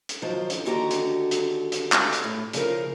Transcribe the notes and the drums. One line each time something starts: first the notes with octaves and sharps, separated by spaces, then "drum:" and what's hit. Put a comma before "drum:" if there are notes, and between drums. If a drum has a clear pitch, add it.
drum: hi-hat
D#3 F3 F#3 C5
drum: hi-hat
D#2 D3 F#4 G4 F#5 A#5
drum: hi-hat
drum: hi-hat
drum: hi-hat
drum: clap
drum: hi-hat
A2
C#3 F3 F4 A#4, drum: hi-hat